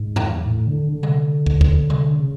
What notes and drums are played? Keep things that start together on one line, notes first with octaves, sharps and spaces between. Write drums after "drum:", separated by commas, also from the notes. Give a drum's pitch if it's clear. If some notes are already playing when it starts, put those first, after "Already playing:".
Already playing: G#2
drum: tom E2
A2
D3
D3
drum: tom C3
drum: kick
drum: kick
drum: tom C3
C#3